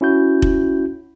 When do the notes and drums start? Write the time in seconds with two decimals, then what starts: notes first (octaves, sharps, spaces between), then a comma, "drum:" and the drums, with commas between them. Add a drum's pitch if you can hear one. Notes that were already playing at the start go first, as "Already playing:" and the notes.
0.01 C#4 E4 F#4 G6
0.42 drum: kick F1